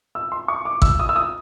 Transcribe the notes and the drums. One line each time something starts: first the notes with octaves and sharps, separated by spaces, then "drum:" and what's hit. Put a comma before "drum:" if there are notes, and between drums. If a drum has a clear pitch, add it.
E6
C6
C#6
D6
E6, drum: kick A1
D#6
E6
D#6